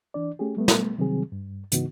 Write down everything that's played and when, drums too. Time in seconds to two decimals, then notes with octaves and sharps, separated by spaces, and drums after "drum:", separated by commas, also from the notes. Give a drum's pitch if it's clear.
0.14 E3 D4 D5
0.39 A3 C#4 G4 G#4
0.57 G3 A3 B3
0.68 drum: snare
0.98 C3 D#3 F#3 G3 C4 G#4
1.32 G2
1.72 G#2 C#3 E3 B3 D#4 F#4, drum: hi-hat